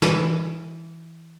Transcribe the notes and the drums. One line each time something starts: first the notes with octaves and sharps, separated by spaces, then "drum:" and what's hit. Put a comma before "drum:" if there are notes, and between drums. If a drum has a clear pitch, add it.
E3, drum: snare